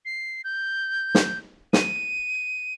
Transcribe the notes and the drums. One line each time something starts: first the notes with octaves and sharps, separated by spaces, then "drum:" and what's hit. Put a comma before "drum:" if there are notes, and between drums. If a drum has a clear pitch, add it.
C7
G6
drum: snare
D#7, drum: snare